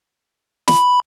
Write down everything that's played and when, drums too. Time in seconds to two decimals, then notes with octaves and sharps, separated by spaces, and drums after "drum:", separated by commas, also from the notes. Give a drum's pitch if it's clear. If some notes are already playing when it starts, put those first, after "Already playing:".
0.68 B5, drum: snare